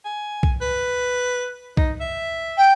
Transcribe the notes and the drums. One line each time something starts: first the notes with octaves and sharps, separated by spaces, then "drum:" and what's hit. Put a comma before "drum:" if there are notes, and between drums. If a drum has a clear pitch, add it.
G#5
drum: kick B1
B4
D#4, drum: kick B1
E5
G5